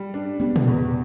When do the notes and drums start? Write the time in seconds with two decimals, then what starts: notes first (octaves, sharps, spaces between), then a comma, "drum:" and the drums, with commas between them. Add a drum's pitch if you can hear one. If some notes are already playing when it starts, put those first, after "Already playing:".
Already playing: G3
0.14 D4
0.40 G3 B3
0.56 drum: tom A#2
0.68 E2